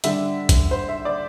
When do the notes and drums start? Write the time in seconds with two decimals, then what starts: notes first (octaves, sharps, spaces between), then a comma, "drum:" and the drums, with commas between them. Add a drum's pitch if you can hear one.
0.04 D3 G3 D4 E5, drum: hi-hat
0.49 drum: kick, hi-hat
0.71 C5
0.89 E5
1.05 D5